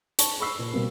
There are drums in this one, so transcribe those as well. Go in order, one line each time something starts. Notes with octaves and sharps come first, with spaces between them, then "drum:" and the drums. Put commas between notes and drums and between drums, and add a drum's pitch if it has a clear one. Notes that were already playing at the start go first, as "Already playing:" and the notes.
A5 C#6, drum: hi-hat
B5 C#6 E6 C7
A#2
B2 G3 A#3 C4